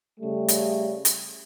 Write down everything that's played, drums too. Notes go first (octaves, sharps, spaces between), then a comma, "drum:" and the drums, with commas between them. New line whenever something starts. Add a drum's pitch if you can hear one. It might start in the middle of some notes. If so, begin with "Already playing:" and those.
C#3 G3 A3
drum: hi-hat
drum: hi-hat